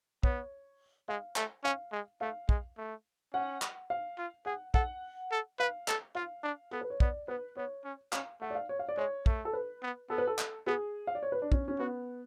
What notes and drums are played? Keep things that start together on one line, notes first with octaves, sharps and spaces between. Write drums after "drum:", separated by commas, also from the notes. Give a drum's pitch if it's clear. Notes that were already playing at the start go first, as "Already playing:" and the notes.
B3 C#5, drum: kick
G#3 F5
A3, drum: clap
C#4 F5
G#3
A3 F5
G#3, drum: kick
A3
C#4 F#5
drum: clap
F5
F4
G#4 F#5
A4 F#5, drum: kick
A4
B4 F5
A4, drum: clap
F4 F5
D4
B3 A4
B4
C#5
B3 D5, drum: kick
B3 B4
B3 C#5
C#4
C#4 F5, drum: clap
A3 F#5
D5
F5
C#5
F5
D5
G#3 C#5
A3, drum: kick
A4
B4
B3
B3 A4
B4
A4
drum: clap
B3 G#4
F5
D5
C#5
B4
D4
C#4, drum: kick
C#4
B3 F#4